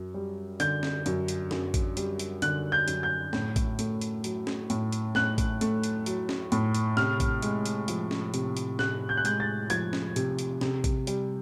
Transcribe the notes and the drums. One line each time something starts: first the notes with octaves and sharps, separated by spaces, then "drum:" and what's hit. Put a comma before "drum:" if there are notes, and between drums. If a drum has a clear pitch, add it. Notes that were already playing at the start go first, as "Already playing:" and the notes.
Already playing: F#2
G3
D3 G6, drum: hi-hat
drum: snare
F#2, drum: hi-hat
drum: hi-hat
F#2, drum: snare
drum: kick A1, hi-hat
G3, drum: hi-hat
drum: hi-hat
D3 F#6, drum: hi-hat
G6
F#2, drum: hi-hat
G6
A2, drum: snare
drum: kick A1, hi-hat
A3, drum: hi-hat
drum: hi-hat
F#3, drum: hi-hat
drum: snare
A2, drum: hi-hat
drum: hi-hat
A2 F#6, drum: snare
drum: kick A1, hi-hat
A3, drum: hi-hat
drum: hi-hat
F#3, drum: hi-hat
drum: snare
A2, drum: hi-hat
drum: hi-hat
C3 F6, drum: snare
drum: kick A1, hi-hat
G#3, drum: hi-hat
drum: hi-hat
F3, drum: hi-hat
drum: snare
C3, drum: hi-hat
drum: hi-hat
C3 F#6, drum: snare
G6
F#6
G#3 G6, drum: hi-hat
A6
F3 G#6, drum: hi-hat
drum: snare
C3, drum: hi-hat
drum: hi-hat
C3, drum: snare
drum: kick A1, hi-hat
G3, drum: hi-hat